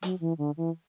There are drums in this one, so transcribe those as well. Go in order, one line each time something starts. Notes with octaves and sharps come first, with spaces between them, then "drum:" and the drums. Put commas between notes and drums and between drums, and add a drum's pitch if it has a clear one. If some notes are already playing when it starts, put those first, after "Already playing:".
F#3, drum: hi-hat
E3
D3
E3